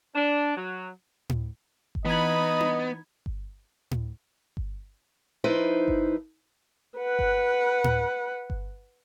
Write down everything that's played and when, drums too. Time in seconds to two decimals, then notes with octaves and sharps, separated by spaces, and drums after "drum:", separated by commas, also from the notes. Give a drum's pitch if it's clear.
0.15 D4
0.56 F#3
1.29 drum: tom A2
1.95 drum: kick G1
2.05 E3 B3 D#4 D#5 B5 G#6
2.60 drum: tom D4
3.26 drum: kick G1
3.91 drum: tom A2
4.57 drum: kick G1
5.44 F3 D#4 E4 B4 C5
5.88 drum: kick G1
6.98 B4 F#5
7.19 drum: kick G1
7.84 drum: tom A2
8.50 drum: kick G1